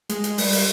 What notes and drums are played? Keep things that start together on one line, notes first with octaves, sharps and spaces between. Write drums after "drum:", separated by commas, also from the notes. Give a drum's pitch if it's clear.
G#3, drum: hi-hat
drum: hi-hat
G3, drum: open hi-hat
drum: open hi-hat